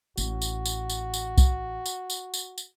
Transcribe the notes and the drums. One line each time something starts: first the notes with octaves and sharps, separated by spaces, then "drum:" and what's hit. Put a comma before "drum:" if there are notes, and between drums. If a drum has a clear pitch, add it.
A1 F#4, drum: tambourine
drum: tambourine
drum: tambourine
drum: tambourine
drum: tambourine
drum: kick C2, tambourine
drum: tambourine
drum: tambourine
drum: tambourine
drum: tambourine